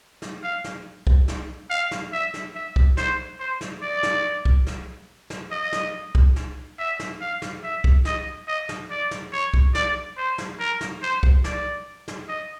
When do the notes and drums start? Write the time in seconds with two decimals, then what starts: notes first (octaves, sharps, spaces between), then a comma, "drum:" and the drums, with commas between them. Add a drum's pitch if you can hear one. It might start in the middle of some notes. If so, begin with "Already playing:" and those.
0.22 drum: snare
0.43 F5
0.64 drum: snare
1.07 drum: kick C2
1.28 drum: snare
1.70 F5
1.91 drum: snare
2.13 E5
2.34 drum: snare
2.55 E5
2.76 drum: kick C2
2.97 C5, drum: snare
3.40 C5
3.61 drum: snare
3.82 D5
4.03 drum: snare
4.45 drum: kick C2
4.67 drum: snare
5.30 drum: snare
5.51 D#5
5.72 drum: snare
6.15 drum: kick C2
6.36 drum: snare
6.78 E5
7.00 drum: snare
7.21 F5
7.42 drum: snare
7.63 E5
7.84 drum: kick C2
8.05 D#5, drum: snare
8.48 D#5
8.69 drum: snare
8.90 D5
9.11 drum: snare
9.32 C#5
9.54 drum: kick C2
9.75 D5, drum: snare
10.17 C5
10.38 drum: snare
10.60 A#4
10.81 drum: snare
11.02 C5
11.23 drum: kick C2
11.44 D5, drum: snare
12.08 drum: snare
12.28 D#5